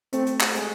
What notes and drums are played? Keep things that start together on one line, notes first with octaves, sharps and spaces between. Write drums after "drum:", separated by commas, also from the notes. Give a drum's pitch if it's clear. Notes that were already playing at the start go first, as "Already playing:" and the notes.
A3 C4, drum: hi-hat
drum: hi-hat
drum: clap
G#3, drum: hi-hat